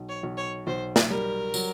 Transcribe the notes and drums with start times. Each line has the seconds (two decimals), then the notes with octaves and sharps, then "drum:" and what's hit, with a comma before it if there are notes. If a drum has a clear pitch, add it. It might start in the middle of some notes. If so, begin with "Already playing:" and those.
Already playing: B1
0.09 C#5
0.23 B1
0.37 C#5
0.67 B1 C5
0.96 drum: snare
1.10 G3 A#4
1.54 F#3, drum: tambourine